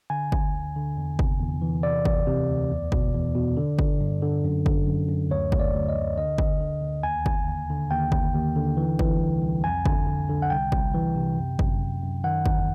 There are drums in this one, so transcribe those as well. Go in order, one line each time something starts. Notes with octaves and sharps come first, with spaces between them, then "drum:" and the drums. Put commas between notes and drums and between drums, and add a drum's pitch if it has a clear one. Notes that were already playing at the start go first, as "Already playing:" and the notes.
D3 G#5
D2, drum: kick G1
D2
D3
E2
C3, drum: kick G1
E2
E3
C3 D5
D2, drum: kick G1
C3
D2
E2
B2, drum: kick G1
E2
B2
D3
D3, drum: kick G1
G2
D3
F#2
D3, drum: kick G1
F#2
F#2
D2 C#5
D2, drum: kick G1
D5
D2
D#5
D2
D3 D#5
D2, drum: kick G1
D3
D2
D#2 G#5
D3, drum: kick G1
D#2
D3
D#2 G5
D#2, drum: kick G1
D#2
D3
E3
E3, drum: kick G1
C2
C2
F2 G#5
D3, drum: kick G1
D3
D3
F#5
C2 G5
C2, drum: kick G1
E3
C3
F#2
F#2, drum: kick G1
F#2
F#2
D#3 F#5
E2, drum: kick G1